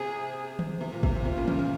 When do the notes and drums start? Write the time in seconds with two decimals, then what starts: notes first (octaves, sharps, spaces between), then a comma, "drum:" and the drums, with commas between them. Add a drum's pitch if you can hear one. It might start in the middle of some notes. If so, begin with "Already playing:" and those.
Already playing: C3 G#4
0.59 drum: tom D#3
0.81 C3
0.92 A#2
1.03 C3, drum: kick
1.15 A#2
1.25 C3 F4
1.36 A#2 C#3
1.48 C#3 F3, drum: tom D#3
1.59 A#2 C#3